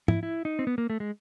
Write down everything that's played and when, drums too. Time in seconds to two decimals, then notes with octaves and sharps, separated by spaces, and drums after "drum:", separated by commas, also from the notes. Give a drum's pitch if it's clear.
0.08 E4, drum: tom
0.23 E4
0.45 D#4
0.59 C4
0.67 B3
0.78 A#3
0.90 A3
1.00 G#3